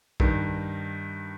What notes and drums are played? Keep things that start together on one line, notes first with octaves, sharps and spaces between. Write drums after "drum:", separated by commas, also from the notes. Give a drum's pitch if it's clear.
G2 D#3, drum: kick